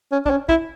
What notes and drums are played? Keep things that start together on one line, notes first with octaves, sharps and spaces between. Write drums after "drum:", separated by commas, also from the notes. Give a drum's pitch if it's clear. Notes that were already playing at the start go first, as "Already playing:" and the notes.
C#4
D4, drum: kick
C#4
E4, drum: kick